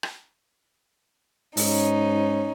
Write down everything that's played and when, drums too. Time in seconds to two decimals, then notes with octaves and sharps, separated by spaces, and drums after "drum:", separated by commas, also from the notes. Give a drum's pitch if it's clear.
0.03 drum: rim click
1.57 G#2 C#4 D#4, drum: open hi-hat